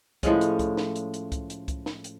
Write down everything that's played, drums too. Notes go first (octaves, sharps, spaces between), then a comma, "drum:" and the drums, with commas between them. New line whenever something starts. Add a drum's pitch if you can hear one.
A2 F3 G#3 C#4, drum: kick C2, hi-hat
drum: hi-hat
drum: kick C2, hi-hat
drum: snare
drum: hi-hat
drum: hi-hat
drum: kick C2, hi-hat
drum: hi-hat
drum: kick C2, hi-hat
drum: snare
drum: hi-hat